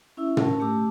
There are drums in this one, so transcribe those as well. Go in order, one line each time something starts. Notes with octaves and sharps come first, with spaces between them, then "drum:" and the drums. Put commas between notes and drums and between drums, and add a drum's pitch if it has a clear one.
C#4 E4 E5 E6
C#4 A#4 A5, drum: tom
A3 G4 A5 D6 E6